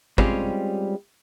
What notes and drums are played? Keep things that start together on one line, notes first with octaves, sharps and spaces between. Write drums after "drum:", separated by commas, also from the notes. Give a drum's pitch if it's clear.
G3 G#3 C4 C#4 F4 G4, drum: kick